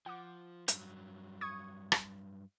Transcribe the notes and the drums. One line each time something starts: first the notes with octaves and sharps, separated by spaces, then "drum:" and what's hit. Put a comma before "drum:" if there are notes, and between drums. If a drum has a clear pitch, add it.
F3 F#5 D6
G2 F#3, drum: hi-hat
C#6 D#6 G#6
drum: rim click